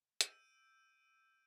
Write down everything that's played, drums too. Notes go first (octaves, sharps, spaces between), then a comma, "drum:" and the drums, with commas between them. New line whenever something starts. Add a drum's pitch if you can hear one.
E6 G6 D7 D#7, drum: hi-hat